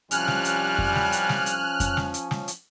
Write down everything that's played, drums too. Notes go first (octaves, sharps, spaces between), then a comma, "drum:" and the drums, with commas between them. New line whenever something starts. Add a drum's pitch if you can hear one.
C2 F3 G3 C#4 G#5 F6 F#6, drum: hi-hat
drum: snare
drum: hi-hat
drum: kick F2
drum: snare
drum: hi-hat
drum: snare
drum: hi-hat
drum: kick F2, hi-hat
drum: snare
drum: hi-hat
drum: snare
drum: hi-hat